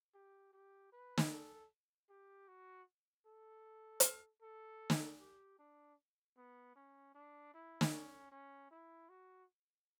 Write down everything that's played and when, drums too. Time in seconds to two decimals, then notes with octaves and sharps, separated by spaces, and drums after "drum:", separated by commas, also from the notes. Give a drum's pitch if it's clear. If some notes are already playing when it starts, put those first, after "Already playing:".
0.15 G4
0.53 G4
0.93 B4
1.17 drum: snare
1.31 A4
2.10 G4
2.48 F#4
3.26 A4
4.00 drum: hi-hat
4.42 A4
4.90 drum: snare
5.20 G4
5.59 D4
6.37 B3
6.76 C#4
7.15 D4
7.54 E4
7.81 drum: snare
7.93 C#4
8.32 C#4
8.71 E4
9.09 F#4